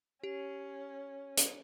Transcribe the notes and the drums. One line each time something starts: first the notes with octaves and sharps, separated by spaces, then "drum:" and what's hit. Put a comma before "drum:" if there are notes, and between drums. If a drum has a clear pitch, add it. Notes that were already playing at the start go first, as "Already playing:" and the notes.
C#4 G4
drum: hi-hat